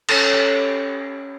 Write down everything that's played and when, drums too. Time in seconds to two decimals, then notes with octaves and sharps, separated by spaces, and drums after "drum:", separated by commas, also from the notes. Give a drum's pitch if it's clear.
0.09 C#4 A4, drum: cymbal
0.33 G4